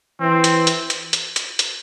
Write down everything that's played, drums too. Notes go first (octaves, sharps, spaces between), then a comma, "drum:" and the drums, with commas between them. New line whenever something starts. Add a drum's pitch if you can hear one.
E3 C4
drum: hi-hat
drum: hi-hat
drum: hi-hat
drum: hi-hat
drum: hi-hat
drum: hi-hat